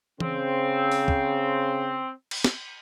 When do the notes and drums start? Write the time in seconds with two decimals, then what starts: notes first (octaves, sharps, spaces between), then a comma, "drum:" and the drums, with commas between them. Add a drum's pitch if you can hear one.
0.20 C#3 C4, drum: tom E3
0.92 drum: open hi-hat
1.08 drum: kick
2.31 drum: cymbal
2.44 drum: snare